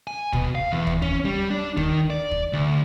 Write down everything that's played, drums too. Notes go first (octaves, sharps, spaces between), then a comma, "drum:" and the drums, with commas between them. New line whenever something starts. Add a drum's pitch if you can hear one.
G#5
B2, drum: kick
F5
E2
drum: kick
C#4, drum: kick
G3
D4
D#3, drum: kick
D5
drum: kick
D2